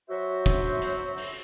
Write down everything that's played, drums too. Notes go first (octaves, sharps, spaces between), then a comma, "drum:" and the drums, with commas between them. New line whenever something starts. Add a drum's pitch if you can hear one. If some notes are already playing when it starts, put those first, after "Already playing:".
F#3 F#4 C5 E5
drum: kick, hi-hat
drum: hi-hat
drum: open hi-hat